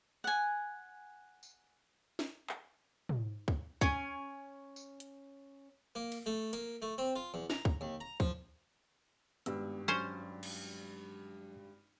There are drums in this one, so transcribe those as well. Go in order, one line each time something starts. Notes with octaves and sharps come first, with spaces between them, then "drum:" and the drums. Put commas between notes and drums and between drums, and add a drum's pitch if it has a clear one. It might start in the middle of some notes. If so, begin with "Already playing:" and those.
F#5 G#5
drum: tambourine
drum: snare
drum: clap
drum: tom
drum: kick
C#4 G#5, drum: kick
drum: tambourine
drum: hi-hat
A#3
drum: cymbal
A3
A#3, drum: hi-hat
A3
C4
F4
E2
A#5, drum: snare
drum: kick
D#2
A#5
F3, drum: kick
G#1 G2 B3 E6, drum: hi-hat
F#3 C#4 D4 C5 A6
drum: cymbal